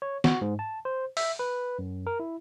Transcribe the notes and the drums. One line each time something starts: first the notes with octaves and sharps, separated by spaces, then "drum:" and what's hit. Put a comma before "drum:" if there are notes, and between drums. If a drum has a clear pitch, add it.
C#5
F#4, drum: snare
G#2
A5
C5
E5, drum: open hi-hat
B4
F#2
A#4
E4